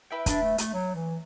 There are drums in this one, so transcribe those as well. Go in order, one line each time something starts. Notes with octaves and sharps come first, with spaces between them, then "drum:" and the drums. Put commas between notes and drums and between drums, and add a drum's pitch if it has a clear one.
E4 B4 E5 G5
D4, drum: kick, hi-hat
A3
A3, drum: hi-hat
F#3
E3